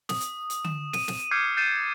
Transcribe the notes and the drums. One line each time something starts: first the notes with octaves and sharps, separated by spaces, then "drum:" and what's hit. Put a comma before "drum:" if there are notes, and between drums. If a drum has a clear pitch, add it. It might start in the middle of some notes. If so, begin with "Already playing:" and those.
D#6, drum: snare
drum: hi-hat
drum: hi-hat
E7, drum: tom D3
D#7, drum: snare
drum: snare
D6 F6 G6 G#6 C7 C#7
G6 A6 C7 C#7 D#7 E7